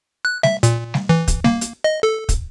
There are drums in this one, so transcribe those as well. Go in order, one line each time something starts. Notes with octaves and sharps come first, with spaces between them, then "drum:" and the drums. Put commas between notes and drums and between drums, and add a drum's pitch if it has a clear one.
F#6
E5, drum: snare G3
A#2, drum: hi-hat
drum: snare G3
E3
drum: kick, hi-hat
A#3, drum: snare G3
drum: hi-hat
D#5
A4
drum: kick, hi-hat